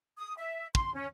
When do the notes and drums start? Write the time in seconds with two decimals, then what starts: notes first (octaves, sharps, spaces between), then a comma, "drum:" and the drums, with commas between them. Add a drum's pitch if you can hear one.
0.18 D#6
0.37 E5
0.75 C6, drum: kick
0.94 C#4